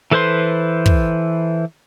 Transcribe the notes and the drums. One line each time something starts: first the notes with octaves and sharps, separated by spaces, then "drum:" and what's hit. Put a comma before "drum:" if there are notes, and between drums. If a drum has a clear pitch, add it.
E3 A4 B4 C5 C6
drum: kick